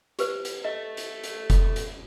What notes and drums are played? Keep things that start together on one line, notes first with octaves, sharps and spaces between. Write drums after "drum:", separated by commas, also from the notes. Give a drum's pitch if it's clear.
G4 B4 C5, drum: hi-hat
drum: hi-hat
A4 D#5 E5
drum: hi-hat
drum: hi-hat
drum: kick F1, hi-hat
drum: hi-hat